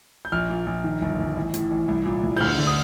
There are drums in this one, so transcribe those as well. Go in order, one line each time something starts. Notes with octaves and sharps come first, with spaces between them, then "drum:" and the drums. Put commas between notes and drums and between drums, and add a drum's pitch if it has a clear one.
G6
A#1 F6
A#2
A#1
D#3
G1
G1
A1
A2, drum: hi-hat
A1
C2
A#2
C2
G6, drum: cymbal
D2 F6
D3
D#6